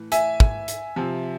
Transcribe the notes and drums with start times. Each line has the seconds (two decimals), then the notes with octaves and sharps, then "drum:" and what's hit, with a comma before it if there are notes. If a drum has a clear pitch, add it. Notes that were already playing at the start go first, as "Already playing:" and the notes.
Already playing: A2 E3
0.12 E5 G#5, drum: hi-hat
0.40 drum: kick
0.68 drum: hi-hat
0.96 C3 F3